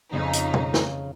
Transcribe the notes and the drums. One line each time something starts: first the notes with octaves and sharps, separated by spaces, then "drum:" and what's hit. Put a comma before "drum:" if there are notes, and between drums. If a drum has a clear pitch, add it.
F2 C#3 D#4
drum: hi-hat
drum: tom
drum: snare